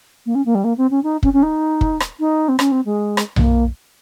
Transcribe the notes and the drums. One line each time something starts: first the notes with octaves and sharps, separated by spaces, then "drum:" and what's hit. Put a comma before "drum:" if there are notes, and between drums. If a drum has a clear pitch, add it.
A#3
C#4
A#3
G3
A#3
C4
C#4
D#4
C#4, drum: kick
C#4
D#4
drum: kick
drum: rim click
D#4
C4
C#4, drum: rim click
C4
G#3
drum: rim click
A#3, drum: tom B1